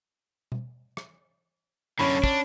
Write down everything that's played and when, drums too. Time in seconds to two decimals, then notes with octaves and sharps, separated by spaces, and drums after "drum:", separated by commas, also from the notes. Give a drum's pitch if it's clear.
0.52 drum: tom B2
0.97 drum: rim click
1.99 F#2 D3 C#4 B5, drum: open hi-hat
2.24 D4, drum: kick